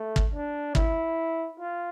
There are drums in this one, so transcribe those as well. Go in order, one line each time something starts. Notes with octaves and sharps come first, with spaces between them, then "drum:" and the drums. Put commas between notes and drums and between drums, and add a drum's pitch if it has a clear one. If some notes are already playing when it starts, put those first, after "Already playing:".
Already playing: A3
drum: kick
D4
E4, drum: kick
F4